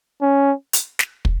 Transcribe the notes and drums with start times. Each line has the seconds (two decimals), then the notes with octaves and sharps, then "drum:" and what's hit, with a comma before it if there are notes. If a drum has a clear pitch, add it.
0.21 C#4
0.73 drum: hi-hat
0.99 drum: snare
1.25 drum: kick